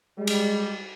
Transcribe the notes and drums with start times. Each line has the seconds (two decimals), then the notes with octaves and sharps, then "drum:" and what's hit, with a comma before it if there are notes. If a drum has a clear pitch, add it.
0.18 G3 G#3
0.27 drum: cymbal